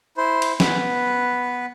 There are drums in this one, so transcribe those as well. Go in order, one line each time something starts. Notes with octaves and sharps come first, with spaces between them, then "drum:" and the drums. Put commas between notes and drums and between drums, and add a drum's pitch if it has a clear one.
E4 C5
drum: cymbal
B3 B4, drum: snare